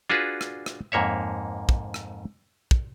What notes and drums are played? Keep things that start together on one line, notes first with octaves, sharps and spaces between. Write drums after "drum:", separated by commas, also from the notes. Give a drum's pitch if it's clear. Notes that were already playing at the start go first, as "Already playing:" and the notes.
D4 F4 F#4 G#4 B4
drum: rim click
drum: rim click
F2 G#2 A#3 C#5 E5
drum: kick
drum: rim click
drum: kick